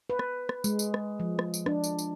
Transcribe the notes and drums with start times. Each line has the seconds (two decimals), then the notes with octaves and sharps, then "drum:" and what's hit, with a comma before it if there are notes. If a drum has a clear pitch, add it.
0.10 B4
0.19 drum: rim click
0.49 drum: rim click
0.64 G#3, drum: tambourine
0.79 drum: tambourine
0.94 drum: rim click
1.20 F3
1.39 drum: rim click
1.54 drum: tambourine
1.66 D4, drum: rim click
1.84 drum: tambourine
1.99 drum: tambourine